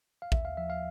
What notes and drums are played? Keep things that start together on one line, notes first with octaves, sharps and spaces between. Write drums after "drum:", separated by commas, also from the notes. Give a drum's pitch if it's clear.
F5
D#2 E5, drum: kick
F5
F3 E5
F5